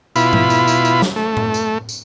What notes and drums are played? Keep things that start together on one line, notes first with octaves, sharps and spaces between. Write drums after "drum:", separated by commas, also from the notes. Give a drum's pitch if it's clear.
B2 E4 F4 B5, drum: tambourine
drum: tom G#2
drum: tambourine
drum: tambourine
drum: tambourine
drum: snare
A3
drum: tom A2
drum: tambourine
drum: tambourine